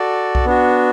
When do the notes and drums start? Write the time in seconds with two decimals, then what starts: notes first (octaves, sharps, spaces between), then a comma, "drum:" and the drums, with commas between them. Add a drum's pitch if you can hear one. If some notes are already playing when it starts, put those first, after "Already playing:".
Already playing: F#4 A4 D5
0.35 drum: kick B1
0.46 B3 D4 F#4